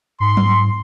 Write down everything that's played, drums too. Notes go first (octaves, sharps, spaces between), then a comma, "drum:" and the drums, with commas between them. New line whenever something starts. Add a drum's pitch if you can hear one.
G#2 C6
drum: tom F#3